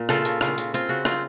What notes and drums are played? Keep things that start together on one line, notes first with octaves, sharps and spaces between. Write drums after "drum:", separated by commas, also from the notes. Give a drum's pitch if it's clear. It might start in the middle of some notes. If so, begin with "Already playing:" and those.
Already playing: A#2
C#3 F4 A4, drum: rim click
C#3, drum: hi-hat
C#3 F4, drum: rim click
C#3, drum: hi-hat
C4 F4, drum: hi-hat
C#3 F#4
C4 F4, drum: rim click